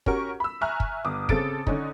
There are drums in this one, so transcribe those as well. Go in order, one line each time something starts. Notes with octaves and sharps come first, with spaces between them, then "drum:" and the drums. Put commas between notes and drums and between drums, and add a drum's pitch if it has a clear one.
C#4 F#4 G4 A#4 C#6, drum: kick
B5 E6
E5 G#5 A#5 C#6 F6 F#6
drum: kick
G1 D6 D#6
C#3 C4 A4 A6 D7, drum: kick
D3 C#4 D#4, drum: kick